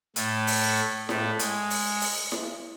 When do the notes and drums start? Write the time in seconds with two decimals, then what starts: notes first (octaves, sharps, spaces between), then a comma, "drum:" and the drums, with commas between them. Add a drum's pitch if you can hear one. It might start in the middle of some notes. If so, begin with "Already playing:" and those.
0.16 A2 A3, drum: hi-hat
0.47 drum: open hi-hat
1.09 A2 A3, drum: snare E4
1.39 G#3, drum: hi-hat
1.70 drum: open hi-hat
2.01 drum: open hi-hat
2.32 drum: snare E4